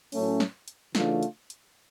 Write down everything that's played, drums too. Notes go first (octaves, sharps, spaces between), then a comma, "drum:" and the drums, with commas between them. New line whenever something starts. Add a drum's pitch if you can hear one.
A2 F#3 A3 C#4, drum: open hi-hat
drum: snare
drum: hi-hat
C#3 E3 A3 D4 F4, drum: snare
drum: hi-hat
drum: hi-hat